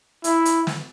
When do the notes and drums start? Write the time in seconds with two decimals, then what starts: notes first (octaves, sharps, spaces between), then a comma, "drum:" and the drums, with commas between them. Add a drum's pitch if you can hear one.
0.24 E4, drum: hi-hat
0.45 drum: hi-hat
0.67 drum: snare